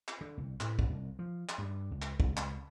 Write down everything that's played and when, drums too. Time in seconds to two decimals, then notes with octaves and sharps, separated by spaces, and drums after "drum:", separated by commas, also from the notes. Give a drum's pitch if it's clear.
0.08 drum: clap
0.21 D3
0.37 C2
0.60 A2, drum: clap
0.79 drum: kick
0.90 C2
1.19 F3
1.49 drum: clap
1.58 G2
1.91 C#2
2.02 drum: clap
2.20 C#2, drum: kick
2.37 drum: clap